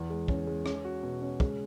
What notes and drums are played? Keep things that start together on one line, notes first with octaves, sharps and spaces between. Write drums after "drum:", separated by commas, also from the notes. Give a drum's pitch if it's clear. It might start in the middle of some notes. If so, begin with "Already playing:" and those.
Already playing: E2
G#3
C#4, drum: kick
G#3
C#4, drum: rim click
F#4
B2
C#4
G#3, drum: kick